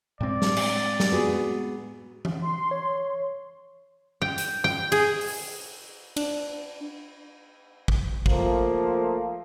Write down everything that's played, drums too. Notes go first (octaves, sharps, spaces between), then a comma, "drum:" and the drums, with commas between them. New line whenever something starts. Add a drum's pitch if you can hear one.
A2 G#3 C4 D5
drum: snare
drum: cymbal
drum: snare
B3 F#4 G#4
drum: tom E3
C6
C#5
G5
drum: hi-hat
G5
G#4, drum: cymbal
drum: open hi-hat
D4, drum: cymbal
drum: kick
F3 A3 A#3, drum: kick